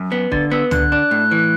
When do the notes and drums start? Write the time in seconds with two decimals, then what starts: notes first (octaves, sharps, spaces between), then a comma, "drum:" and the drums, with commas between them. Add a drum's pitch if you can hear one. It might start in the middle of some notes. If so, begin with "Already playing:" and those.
Already playing: F#2
0.12 B3
0.32 D3 A6, drum: kick
0.51 B3 E6
0.71 D3 F#6, drum: tom
0.92 D4
1.11 A2
1.31 E3